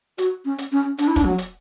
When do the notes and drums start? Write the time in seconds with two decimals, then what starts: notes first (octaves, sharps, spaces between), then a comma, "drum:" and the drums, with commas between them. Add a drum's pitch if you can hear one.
0.18 F#4, drum: hi-hat
0.45 C#4
0.58 drum: hi-hat
0.72 C#4
0.98 D4, drum: hi-hat
1.08 E4
1.16 D4, drum: kick, hi-hat
1.25 F#3
1.38 drum: hi-hat